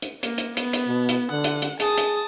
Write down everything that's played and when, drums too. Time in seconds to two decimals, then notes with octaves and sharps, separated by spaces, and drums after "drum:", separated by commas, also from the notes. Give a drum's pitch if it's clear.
0.02 drum: hi-hat
0.23 A#3, drum: hi-hat
0.38 drum: hi-hat
0.57 B3, drum: hi-hat
0.73 drum: hi-hat
0.87 B2
1.09 drum: hi-hat
1.31 D3 F#5
1.44 drum: hi-hat
1.62 drum: hi-hat
1.80 G#4 A5 D#6, drum: hi-hat
1.98 drum: hi-hat